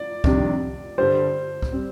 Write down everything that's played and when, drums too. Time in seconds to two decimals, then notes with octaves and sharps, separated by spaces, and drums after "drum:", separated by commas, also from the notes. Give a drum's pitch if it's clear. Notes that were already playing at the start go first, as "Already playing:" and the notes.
Already playing: D5
0.24 F2 C3 D#3 G3 D4, drum: kick C2
0.98 G2 D3 G3 C5
1.62 drum: kick C2
1.72 G3 C4